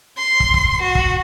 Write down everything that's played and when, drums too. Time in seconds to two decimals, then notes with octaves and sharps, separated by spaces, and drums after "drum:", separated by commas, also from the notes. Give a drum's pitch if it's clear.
0.17 C6
0.40 drum: kick
0.54 drum: kick
0.81 F#4
0.95 drum: kick